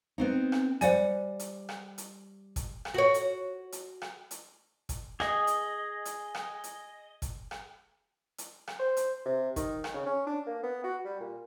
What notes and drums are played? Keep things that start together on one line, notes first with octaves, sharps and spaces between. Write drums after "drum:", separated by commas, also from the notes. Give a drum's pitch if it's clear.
B3 C4 D#4
drum: rim click
G3 C5 D5 F#5 G#5, drum: hi-hat
drum: hi-hat
drum: rim click
drum: hi-hat
drum: kick, hi-hat
drum: rim click
F#4 C#5
drum: hi-hat
drum: hi-hat
drum: rim click
drum: hi-hat
drum: kick, hi-hat
G#4 D#5, drum: rim click
drum: hi-hat
drum: hi-hat
drum: rim click
drum: hi-hat
drum: kick, hi-hat
drum: rim click
drum: hi-hat
drum: rim click
C5
drum: hi-hat
C3
D#3, drum: kick, hi-hat
drum: rim click
C#3
C#4
D4
A#3
B3
F#4
G3
A#2